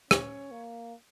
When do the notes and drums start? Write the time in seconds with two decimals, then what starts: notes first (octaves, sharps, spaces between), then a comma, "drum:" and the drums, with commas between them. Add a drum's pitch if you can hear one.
0.11 C#4 C#5, drum: rim click
0.52 A#3